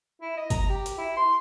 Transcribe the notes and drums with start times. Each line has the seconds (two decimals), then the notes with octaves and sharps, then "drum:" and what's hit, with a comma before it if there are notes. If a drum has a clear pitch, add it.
0.22 E4
0.37 D#5
0.50 A#5, drum: kick G1, hi-hat
0.69 G4
0.86 drum: hi-hat
0.98 E4
1.17 C6